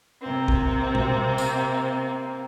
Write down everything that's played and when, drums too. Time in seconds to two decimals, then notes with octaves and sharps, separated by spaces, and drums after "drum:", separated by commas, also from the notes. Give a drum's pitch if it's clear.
0.20 C3 A#3 C4
0.48 drum: kick
0.95 drum: tom B2
1.38 drum: tambourine